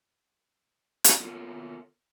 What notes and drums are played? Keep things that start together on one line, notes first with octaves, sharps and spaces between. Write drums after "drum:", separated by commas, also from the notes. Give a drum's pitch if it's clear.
drum: hi-hat
B3 F4 A4 A#4 C#5